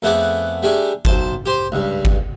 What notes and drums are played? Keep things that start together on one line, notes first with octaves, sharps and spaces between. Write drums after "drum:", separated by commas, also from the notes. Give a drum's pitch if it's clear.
F2 A3 B3 G#4 F#5 D6
G3 A3 D4 G#4
B1 C5 A5, drum: kick G1
G4 C5 C6
C#2 G2
drum: kick G1